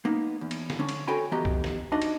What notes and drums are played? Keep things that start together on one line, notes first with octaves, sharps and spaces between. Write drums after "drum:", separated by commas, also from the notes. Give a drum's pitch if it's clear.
A#3 B3 D#4
E2
drum: cymbal
drum: snare
D3 C#4
drum: cymbal
F#4 A4 C#5 G5 G#5 B5
E3 B3 F#4 G4 D#5 A#5
drum: kick C2
drum: snare
D4 D#4 F#4 D5 D#5
drum: cymbal